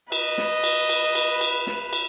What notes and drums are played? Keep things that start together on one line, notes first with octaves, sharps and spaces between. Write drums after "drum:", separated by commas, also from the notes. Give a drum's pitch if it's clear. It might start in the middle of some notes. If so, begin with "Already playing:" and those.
B4 D#5, drum: cymbal
drum: snare
drum: cymbal
drum: cymbal
drum: cymbal
drum: cymbal
drum: snare
drum: cymbal